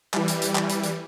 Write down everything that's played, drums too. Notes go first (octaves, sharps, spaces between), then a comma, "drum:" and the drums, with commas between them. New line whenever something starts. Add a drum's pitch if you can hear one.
E3 G3, drum: clap
drum: hi-hat
drum: hi-hat
drum: clap
drum: hi-hat
drum: hi-hat